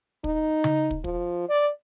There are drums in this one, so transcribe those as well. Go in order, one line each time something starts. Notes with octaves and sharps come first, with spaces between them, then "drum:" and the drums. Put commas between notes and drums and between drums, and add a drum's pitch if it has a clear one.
D#4, drum: kick
drum: tom C#3
drum: kick
F3, drum: kick
D5